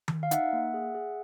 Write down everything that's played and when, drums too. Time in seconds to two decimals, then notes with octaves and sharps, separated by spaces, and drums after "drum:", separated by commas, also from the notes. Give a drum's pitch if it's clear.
0.08 drum: tom D#3
0.23 F5
0.31 D#4 E5 F#5, drum: hi-hat
0.53 A#3
0.74 G#4
0.95 G#4